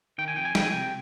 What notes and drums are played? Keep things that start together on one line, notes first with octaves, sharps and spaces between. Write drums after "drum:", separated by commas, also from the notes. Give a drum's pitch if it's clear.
D#3 G5
G#5
F2 G5
G#5
F2 G5, drum: snare
G#5
C3 G5